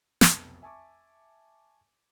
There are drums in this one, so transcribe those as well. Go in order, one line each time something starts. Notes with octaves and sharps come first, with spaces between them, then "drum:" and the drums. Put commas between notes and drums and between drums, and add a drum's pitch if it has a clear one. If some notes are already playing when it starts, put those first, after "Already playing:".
F1 B1 A4 A5, drum: snare
E5 G#5 A5 C#6 D6